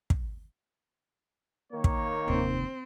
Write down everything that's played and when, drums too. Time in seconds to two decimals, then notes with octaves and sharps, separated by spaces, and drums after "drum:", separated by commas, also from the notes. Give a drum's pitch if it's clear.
0.10 drum: kick
1.73 D#3 A#3 C#5
1.84 drum: kick
2.28 F1 D#2 C4